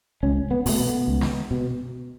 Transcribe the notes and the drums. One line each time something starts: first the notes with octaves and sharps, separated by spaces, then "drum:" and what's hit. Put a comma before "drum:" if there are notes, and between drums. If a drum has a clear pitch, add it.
C#2 C#4
B3
B2 A3, drum: open hi-hat
B3
C#2
drum: snare
B2